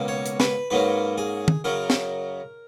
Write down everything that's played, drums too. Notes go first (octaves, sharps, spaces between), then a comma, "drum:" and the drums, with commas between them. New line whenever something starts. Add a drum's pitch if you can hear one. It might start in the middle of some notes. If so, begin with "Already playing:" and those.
Already playing: C#2 B2 A#3 C#4
C#5
drum: hi-hat
B4, drum: snare
G#2 F#3 A#3 C#4 B4
G#4
drum: tom
F#2 C#3 F#3 A#4
drum: snare